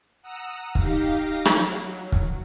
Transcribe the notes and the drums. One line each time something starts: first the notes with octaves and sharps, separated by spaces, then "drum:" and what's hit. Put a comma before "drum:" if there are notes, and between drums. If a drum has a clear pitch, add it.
F#5 A#5 D#6 E6
D#4 G4 F5 F6 A#6, drum: kick
F#3, drum: rim click
drum: kick